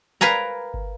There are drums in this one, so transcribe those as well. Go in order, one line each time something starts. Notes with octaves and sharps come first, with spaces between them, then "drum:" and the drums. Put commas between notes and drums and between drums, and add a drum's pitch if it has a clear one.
A#4 B4 F5 G#5 A#5
drum: kick G1